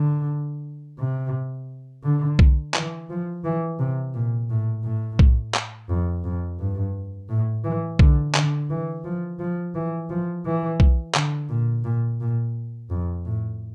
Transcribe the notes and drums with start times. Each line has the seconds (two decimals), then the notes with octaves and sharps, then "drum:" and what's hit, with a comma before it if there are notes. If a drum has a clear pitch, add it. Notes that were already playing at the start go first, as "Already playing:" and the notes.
Already playing: D3
0.99 C3
2.03 D3
2.39 drum: kick B1
2.74 E3, drum: clap
3.10 F3
3.44 E3
3.79 C3
4.14 A#2
4.50 A2
4.84 A2
5.19 drum: kick B1
5.54 drum: clap
5.89 F2
6.24 F2
6.59 G2
7.29 A2
7.64 E3
7.99 D3, drum: kick B1
8.35 D3, drum: clap
8.70 E3
9.04 F3
9.39 F3
9.75 E3
10.10 F3
10.45 E3
10.80 drum: kick B1
11.14 D3, drum: clap
11.49 A#2
11.84 A#2
12.20 A#2
12.90 F2
13.26 A2